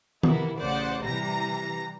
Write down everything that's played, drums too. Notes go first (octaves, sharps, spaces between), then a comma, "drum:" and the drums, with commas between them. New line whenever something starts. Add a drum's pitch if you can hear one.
C3 E3 A#3 B3 E4, drum: tom D#3
A1 C#3 C5 D5 F#5
C3 E3 G3 A#5 A#6